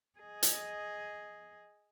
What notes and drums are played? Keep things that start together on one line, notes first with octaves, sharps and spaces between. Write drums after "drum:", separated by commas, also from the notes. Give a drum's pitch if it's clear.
G#4 D#5
drum: hi-hat